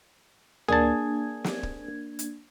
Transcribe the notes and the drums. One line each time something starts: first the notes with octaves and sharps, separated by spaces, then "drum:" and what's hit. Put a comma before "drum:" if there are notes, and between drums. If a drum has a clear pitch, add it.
A#3 D4 G#4 A5 G#6, drum: tom D2
drum: snare
drum: kick
drum: hi-hat